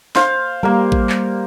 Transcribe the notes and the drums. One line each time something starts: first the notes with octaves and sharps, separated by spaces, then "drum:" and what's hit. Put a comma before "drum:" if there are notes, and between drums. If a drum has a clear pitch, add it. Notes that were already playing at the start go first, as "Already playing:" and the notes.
C5 F5, drum: snare
G3 A#3 A#4
drum: kick A1
drum: clap